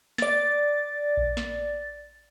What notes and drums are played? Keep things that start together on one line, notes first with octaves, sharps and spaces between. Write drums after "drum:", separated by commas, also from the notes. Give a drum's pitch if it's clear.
D5 A6, drum: snare
drum: kick A#1
drum: snare